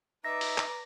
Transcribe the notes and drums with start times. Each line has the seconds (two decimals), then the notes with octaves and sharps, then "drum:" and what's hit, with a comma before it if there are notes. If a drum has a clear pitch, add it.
0.25 D#4 B4 D5 E5 A#5 A#6
0.41 drum: open hi-hat
0.58 drum: clap